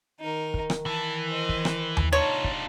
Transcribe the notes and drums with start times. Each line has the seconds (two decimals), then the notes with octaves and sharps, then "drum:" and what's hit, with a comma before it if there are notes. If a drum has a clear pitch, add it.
0.21 D#3 D#4 A#4
0.54 drum: kick
0.70 drum: rim click
0.86 E3 A5
1.29 C5 D#5
1.49 drum: kick
1.65 drum: rim click
1.97 drum: tom D#2
2.13 D4 D#4 F4 C#5 A5
2.44 drum: kick